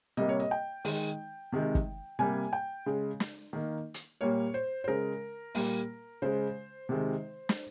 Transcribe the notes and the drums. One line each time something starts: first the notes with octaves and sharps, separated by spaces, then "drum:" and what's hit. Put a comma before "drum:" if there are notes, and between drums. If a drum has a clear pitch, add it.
C3 G3 A#3 D#5
C#5
D#5
G5
D#3 G#3, drum: open hi-hat
C3 D#3 G#3
drum: kick
C3 G3 A#3 G#5
G5
C#3 G#3
drum: snare
D#3 A#3
drum: hi-hat
A#2 G3 A#3 C#5
C5
C5
C#3 G#3 A#4
A#2 G3 A#3, drum: open hi-hat
C#3 G#3 C5
C3 D#3 G#3
drum: snare